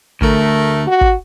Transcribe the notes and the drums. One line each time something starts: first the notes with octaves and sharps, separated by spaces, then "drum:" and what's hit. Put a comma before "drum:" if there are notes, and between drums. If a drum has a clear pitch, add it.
D2 A3 A#4, drum: kick
F#4
drum: kick